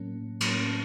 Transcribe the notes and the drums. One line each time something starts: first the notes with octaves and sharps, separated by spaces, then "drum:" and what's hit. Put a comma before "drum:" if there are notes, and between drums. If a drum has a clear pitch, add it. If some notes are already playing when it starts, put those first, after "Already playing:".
Already playing: A2 F#3 A#3 C#4
A2 F#3 A#3 C#4, drum: cymbal